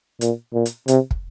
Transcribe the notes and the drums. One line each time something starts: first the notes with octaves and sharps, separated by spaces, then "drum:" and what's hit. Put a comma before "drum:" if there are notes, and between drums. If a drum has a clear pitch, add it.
A#2, drum: hi-hat
A#2
drum: hi-hat
C3, drum: hi-hat
drum: kick